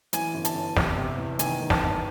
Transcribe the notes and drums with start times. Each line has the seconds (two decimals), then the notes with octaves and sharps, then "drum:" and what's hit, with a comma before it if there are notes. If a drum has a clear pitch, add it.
0.13 E3 G#5, drum: hi-hat
0.34 G1
0.45 A5, drum: hi-hat
0.55 G1
0.77 C3, drum: snare
0.97 C3
1.18 E2
1.39 D#3 G#5, drum: hi-hat
1.60 D#3
1.70 A5, drum: snare
1.80 G#1